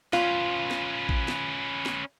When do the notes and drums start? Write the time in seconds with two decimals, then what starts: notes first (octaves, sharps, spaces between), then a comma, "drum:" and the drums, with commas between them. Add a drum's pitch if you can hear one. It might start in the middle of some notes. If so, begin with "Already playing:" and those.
0.13 C#4 F4 B4, drum: snare
0.71 drum: snare
1.09 drum: kick A1
1.28 drum: snare
1.86 drum: snare